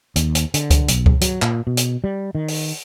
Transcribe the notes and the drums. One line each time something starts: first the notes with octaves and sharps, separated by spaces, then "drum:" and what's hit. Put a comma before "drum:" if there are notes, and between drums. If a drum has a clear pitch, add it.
D#2, drum: hi-hat
drum: hi-hat
D3, drum: hi-hat
drum: kick C#2, hi-hat
B1, drum: hi-hat
drum: kick C#2
F#3, drum: hi-hat
A#2, drum: clap
B2
drum: hi-hat
G3
D#3
drum: open hi-hat